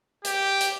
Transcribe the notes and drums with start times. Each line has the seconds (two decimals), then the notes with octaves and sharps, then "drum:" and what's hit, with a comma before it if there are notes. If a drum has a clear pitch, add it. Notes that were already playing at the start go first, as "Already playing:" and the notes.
0.24 G4, drum: hi-hat
0.60 drum: hi-hat